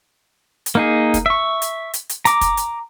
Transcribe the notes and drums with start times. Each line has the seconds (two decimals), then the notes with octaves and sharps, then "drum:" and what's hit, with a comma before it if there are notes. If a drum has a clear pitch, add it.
0.66 drum: hi-hat
0.75 A#3 D#4 G#4
1.14 drum: kick, hi-hat
1.26 E5 C#6
1.62 drum: hi-hat
1.94 drum: hi-hat
2.09 drum: hi-hat
2.25 A#5 D6, drum: hi-hat
2.41 drum: kick, hi-hat
2.57 drum: hi-hat